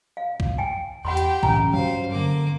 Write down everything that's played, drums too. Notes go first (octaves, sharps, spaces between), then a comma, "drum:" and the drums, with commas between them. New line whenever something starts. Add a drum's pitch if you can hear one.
F5
drum: kick B1
G5 G#5
E2 G4 F#5 G5 B5 C6
drum: hi-hat
A2 C#3 E3 C#4 G#5 A#5, drum: kick B1
G2 F#3 G3 C5 F5
G2 D3 A#3 D6